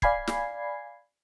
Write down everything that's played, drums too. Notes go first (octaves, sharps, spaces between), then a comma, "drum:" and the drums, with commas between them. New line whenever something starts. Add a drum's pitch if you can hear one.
D5 F5 G#5 B5 G#6 C7, drum: kick
drum: snare